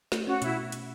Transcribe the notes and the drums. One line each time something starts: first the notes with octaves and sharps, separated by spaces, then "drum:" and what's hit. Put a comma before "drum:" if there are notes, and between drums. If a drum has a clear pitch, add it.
A3, drum: snare
C#4 F#4
B2 E4, drum: hi-hat
drum: hi-hat